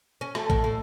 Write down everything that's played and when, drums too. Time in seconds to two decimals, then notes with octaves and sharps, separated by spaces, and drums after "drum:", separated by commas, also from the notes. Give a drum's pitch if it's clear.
0.21 C#4
0.35 A3, drum: rim click
0.50 A2, drum: kick
0.64 A2